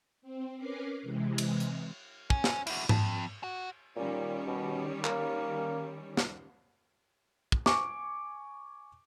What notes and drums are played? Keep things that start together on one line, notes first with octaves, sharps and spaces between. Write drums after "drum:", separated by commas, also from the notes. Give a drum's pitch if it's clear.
C4
C#4 A#4 B4 D6 C7
C3 E3 G#3
drum: cymbal
drum: hi-hat
C#4, drum: kick
drum: snare
E4 F#4, drum: cymbal
F2, drum: tom G#2
F#4
A#2 D#3 G3 C#4
B2
A#3, drum: clap
drum: snare
drum: kick
G#5 C#6 D6, drum: snare